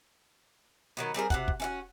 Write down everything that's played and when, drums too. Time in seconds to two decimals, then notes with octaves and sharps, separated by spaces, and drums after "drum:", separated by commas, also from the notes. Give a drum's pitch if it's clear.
0.97 D#3 F#3 B3
1.14 G3 C4 G#4 A#4
1.30 C3 F#4 F#5, drum: kick
1.48 drum: kick
1.60 C#4 E4 F#4